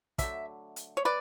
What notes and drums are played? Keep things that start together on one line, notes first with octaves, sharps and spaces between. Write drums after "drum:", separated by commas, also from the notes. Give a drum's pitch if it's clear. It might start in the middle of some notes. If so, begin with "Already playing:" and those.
D3 F#3 A3 E5, drum: kick, hi-hat
drum: hi-hat
C#5
B4 D5